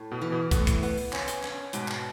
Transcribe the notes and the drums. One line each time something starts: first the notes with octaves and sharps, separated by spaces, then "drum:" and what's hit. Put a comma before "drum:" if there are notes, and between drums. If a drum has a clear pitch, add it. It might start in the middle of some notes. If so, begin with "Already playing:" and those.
Already playing: A2
B2 B3
E3
B2 B3
A2 A3 B3, drum: kick, hi-hat
drum: kick, hi-hat
B3, drum: open hi-hat
drum: open hi-hat
C#4, drum: clap
drum: hi-hat
C#4, drum: clap
G#2 B2 G#3, drum: hi-hat
drum: clap